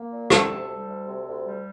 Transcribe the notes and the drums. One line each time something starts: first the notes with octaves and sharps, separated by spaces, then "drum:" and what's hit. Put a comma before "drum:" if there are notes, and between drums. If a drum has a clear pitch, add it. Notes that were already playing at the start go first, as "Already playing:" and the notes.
Already playing: A#3
A#2
C3 A4, drum: rim click
D2
G3
D2
C3
D2
G3